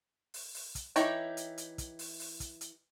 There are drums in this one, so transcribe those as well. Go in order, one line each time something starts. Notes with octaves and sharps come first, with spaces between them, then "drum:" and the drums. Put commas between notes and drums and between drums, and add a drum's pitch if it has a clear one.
drum: open hi-hat
drum: open hi-hat
drum: kick, hi-hat
E3 D#4 G4 C#5 G5, drum: hi-hat
drum: hi-hat
drum: hi-hat
drum: kick, hi-hat
drum: open hi-hat
drum: open hi-hat
drum: kick, hi-hat
drum: hi-hat